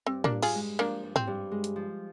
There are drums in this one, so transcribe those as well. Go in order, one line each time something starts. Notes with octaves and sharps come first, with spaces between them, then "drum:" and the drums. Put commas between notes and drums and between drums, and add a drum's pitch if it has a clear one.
G2 C4
A#3 D4, drum: tom A2
G2
F4 G#4, drum: cymbal
G#3
F3 A#3 D4
G2
C4, drum: tom G#2
G2
G#3
drum: hi-hat
F3